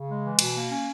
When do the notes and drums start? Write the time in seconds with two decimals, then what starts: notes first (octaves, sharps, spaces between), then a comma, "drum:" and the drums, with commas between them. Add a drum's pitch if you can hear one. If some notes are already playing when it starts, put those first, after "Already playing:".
Already playing: C#3
0.08 G#3
0.23 E3
0.39 B2, drum: cymbal
0.54 A#3
0.70 C#4